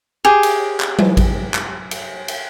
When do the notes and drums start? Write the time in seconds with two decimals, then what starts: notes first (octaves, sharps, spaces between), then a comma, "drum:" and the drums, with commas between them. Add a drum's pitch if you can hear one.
0.25 G4 G#4
0.43 drum: cymbal
0.80 drum: clap
0.99 drum: tom F#3
1.17 drum: kick A1, cymbal
1.54 drum: clap
1.91 drum: cymbal
2.28 drum: cymbal